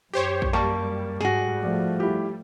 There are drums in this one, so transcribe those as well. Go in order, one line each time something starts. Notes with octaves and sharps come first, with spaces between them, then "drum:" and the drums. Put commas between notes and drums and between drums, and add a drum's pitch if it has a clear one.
F#2 G4 C5 C#5
drum: kick A#1
G3 A#3 A5 C#6
G#2 F#4 G#4, drum: snare
F3 A3 D5
E4 G4